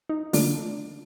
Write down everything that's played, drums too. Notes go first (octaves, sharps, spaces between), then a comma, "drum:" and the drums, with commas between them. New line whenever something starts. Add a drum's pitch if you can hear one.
D#4
D3 A3 A#3 D4 F4, drum: open hi-hat